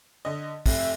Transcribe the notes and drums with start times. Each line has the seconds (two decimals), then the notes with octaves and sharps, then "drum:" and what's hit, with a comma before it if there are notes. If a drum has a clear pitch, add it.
0.25 D3 D#5
0.66 F1 F2 E5, drum: kick, open hi-hat